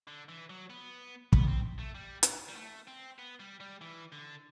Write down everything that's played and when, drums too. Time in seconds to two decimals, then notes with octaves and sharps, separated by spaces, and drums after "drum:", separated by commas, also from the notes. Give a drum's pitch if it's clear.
0.07 D3
0.29 E3
0.50 F#3
0.70 B3
1.33 B3, drum: kick
1.48 C4
1.79 A3
1.95 G3
2.23 drum: hi-hat
2.49 G3
2.57 A3
2.88 C4
3.19 B3
3.40 G3
3.60 G3
3.81 E3
4.12 D3